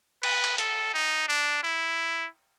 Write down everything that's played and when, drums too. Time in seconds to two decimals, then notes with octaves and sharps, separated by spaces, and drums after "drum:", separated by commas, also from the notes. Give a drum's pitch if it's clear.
0.23 B4, drum: cymbal
0.44 drum: cymbal
0.58 A4, drum: hi-hat
0.94 D#4
1.28 D4
1.63 E4